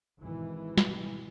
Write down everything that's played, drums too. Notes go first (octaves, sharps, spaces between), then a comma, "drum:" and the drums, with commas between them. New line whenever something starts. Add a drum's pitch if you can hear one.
G#1 B2 E3
drum: snare